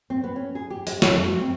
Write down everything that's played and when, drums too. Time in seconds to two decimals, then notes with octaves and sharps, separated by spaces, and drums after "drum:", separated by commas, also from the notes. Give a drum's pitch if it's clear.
0.10 C4
0.24 B3
0.36 C#4
0.55 G#4
0.70 G4
0.87 G#3, drum: open hi-hat
1.02 C#5, drum: snare
1.14 F2
1.27 F#4
1.41 C4